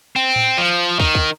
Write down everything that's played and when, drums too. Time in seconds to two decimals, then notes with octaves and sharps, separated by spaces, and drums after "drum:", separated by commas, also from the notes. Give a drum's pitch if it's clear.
0.16 C4
0.36 drum: tom A2
0.58 F3
1.00 D#3, drum: kick
1.15 drum: kick